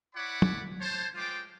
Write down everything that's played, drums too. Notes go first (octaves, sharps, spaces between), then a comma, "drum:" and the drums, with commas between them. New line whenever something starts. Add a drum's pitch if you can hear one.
E4 C#5 D5 F#5 B5 D6
drum: tom
C5 C#5 A5
G#3 A3 F4 C5 G5 D6